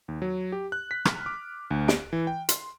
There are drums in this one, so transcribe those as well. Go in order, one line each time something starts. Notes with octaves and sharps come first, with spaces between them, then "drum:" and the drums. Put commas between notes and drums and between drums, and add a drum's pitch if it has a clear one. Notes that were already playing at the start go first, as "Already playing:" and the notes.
D#2
F#3
G4
F#6
B6
F6, drum: rim click
D6
D2
D7, drum: snare
E3
G5
C6, drum: hi-hat